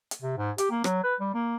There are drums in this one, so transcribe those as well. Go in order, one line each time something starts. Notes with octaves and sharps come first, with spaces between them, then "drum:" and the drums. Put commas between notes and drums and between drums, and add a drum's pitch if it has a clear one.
drum: hi-hat
C3
G#2
G4, drum: hi-hat
A#3
F#3, drum: rim click
B4
G3
A#3